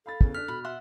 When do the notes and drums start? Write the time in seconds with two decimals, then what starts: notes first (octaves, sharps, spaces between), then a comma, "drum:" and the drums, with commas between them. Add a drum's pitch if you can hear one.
0.06 A4 F5 B5 A6
0.21 E2 C#3, drum: kick
0.35 D4 F6 F#6 B6
0.48 B2 B5
0.65 E5 F#5 C6